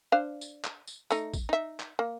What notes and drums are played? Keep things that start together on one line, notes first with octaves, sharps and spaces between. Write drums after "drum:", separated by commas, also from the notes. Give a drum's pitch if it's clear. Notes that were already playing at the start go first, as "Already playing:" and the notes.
D4 C5 F5
drum: tambourine
drum: clap
drum: tambourine
A3 D#4, drum: tambourine
drum: kick, tambourine
D#4 E5
drum: clap
A#3